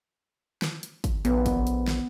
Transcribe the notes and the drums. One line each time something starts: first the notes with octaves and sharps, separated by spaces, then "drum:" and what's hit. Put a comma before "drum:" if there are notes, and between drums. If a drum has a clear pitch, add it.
drum: snare
drum: hi-hat
drum: kick, hi-hat
A#1 B3, drum: hi-hat
drum: kick, hi-hat
drum: hi-hat
drum: snare